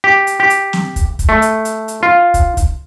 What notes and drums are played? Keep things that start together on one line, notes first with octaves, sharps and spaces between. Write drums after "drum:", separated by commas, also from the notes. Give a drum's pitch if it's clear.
G4
drum: hi-hat
G4
drum: hi-hat
drum: snare
drum: kick, hi-hat
drum: kick, hi-hat
A3
drum: hi-hat
drum: hi-hat
drum: hi-hat
F4
drum: kick, hi-hat
drum: kick, hi-hat